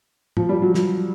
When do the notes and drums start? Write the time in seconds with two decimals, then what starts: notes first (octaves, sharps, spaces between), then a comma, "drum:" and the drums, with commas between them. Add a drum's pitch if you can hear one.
0.37 F3, drum: tom G#2
0.49 G3
0.62 F#3
0.75 drum: snare